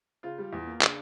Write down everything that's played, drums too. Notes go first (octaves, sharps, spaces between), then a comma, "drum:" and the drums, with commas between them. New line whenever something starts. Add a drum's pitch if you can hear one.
C#3 F4
G3
E2
A#3
C#3 D4, drum: clap